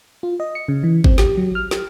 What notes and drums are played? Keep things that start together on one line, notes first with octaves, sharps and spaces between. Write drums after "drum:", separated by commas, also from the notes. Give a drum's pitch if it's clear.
F4
D#5
C#7
C#3
E3
C4, drum: kick G#1
G4, drum: snare
F#3
F6
G4, drum: snare